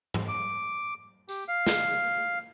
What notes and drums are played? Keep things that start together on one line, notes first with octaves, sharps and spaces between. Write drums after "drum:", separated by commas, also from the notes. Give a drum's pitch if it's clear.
drum: tom G#2
D6
G4, drum: tambourine
F5
drum: snare